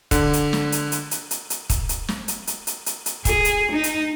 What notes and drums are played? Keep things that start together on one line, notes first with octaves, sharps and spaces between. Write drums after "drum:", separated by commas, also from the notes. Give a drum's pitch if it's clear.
D3, drum: kick, hi-hat
drum: hi-hat
drum: snare
drum: hi-hat
drum: hi-hat
drum: hi-hat
drum: hi-hat
drum: hi-hat
drum: kick, hi-hat
drum: hi-hat
drum: snare
drum: hi-hat
drum: hi-hat
drum: hi-hat
drum: hi-hat
drum: hi-hat
G#4, drum: kick, hi-hat
drum: hi-hat
D#4
drum: hi-hat